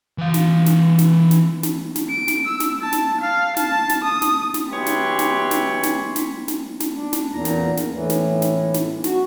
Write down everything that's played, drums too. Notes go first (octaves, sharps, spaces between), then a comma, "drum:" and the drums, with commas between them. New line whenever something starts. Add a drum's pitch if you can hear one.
E3 F5
drum: snare
drum: snare
drum: snare
drum: snare
drum: snare
drum: snare
D7
drum: snare
E6
drum: snare
A5
drum: snare
F5
A5, drum: snare
drum: snare
D#6
drum: snare
drum: snare
B2 E3 G4 C#5 B5 C6
drum: snare
drum: snare
drum: snare
drum: snare
drum: snare
drum: snare
drum: snare
D4
drum: snare
E2 A#2 A#5
drum: snare
drum: snare
A2 E3
drum: snare
drum: snare
drum: snare
F#4, drum: snare